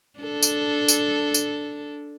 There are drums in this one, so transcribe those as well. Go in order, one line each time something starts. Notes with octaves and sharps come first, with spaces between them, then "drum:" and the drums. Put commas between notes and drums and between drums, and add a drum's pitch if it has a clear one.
D4 A4
drum: tambourine
drum: tambourine
drum: tambourine